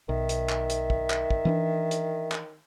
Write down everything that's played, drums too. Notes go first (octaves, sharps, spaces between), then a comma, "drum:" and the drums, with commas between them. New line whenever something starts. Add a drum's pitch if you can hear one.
B1 D#3 E5
drum: hi-hat
drum: clap
drum: hi-hat
drum: kick
drum: clap
drum: kick
E3 C4 D4
drum: hi-hat
drum: clap